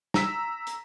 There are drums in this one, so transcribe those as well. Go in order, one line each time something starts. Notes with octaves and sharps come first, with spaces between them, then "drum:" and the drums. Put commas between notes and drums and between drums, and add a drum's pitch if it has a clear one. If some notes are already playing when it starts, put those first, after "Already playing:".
A#5 E6 B6, drum: snare
drum: hi-hat